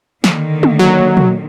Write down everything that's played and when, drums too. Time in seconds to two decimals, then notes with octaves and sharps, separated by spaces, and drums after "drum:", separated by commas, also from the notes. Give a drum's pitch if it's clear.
0.24 D3 D#3 A#3, drum: snare
0.63 drum: tom
0.79 F#3
1.17 drum: tom